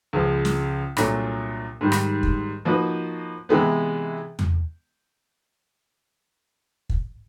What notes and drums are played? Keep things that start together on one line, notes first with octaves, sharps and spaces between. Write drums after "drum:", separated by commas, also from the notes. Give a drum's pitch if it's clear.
C#2 C#3 F3
drum: snare
C2 A#2 F#3 A3 D4, drum: rim click
G#2 D#3 G3
drum: rim click
drum: kick
F3 A#3 D#4 F#4 B4
C3 E3 G#3 B3
drum: tom E2
drum: kick